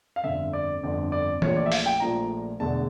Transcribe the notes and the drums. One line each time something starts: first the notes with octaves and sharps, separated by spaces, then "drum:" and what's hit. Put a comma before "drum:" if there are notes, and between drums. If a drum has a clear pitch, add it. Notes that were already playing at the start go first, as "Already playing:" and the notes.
F5
G1 F2 D3 E5
D5
G1 F2 D3 D5
D5
A#1 A#2 F3 A3 C#5, drum: tom E3
D5
E5
F5, drum: open hi-hat
G5
A#1 A#2 F3 A3 A#5
E1 E2 D3 A3 A5